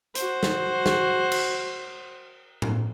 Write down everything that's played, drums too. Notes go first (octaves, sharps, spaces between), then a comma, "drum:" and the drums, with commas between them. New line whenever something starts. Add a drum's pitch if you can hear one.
F#4 C5, drum: hi-hat
drum: snare
drum: snare
drum: cymbal
drum: tom A2